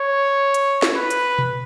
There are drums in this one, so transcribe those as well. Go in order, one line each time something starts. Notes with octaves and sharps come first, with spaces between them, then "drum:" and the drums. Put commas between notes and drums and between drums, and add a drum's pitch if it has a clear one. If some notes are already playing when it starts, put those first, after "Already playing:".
Already playing: C#5
drum: hi-hat
drum: snare
B4
drum: hi-hat
drum: tom B2